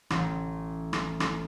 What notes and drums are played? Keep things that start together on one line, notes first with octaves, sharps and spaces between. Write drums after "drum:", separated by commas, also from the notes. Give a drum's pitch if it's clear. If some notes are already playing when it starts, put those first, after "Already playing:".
A1, drum: rim click
drum: rim click
drum: rim click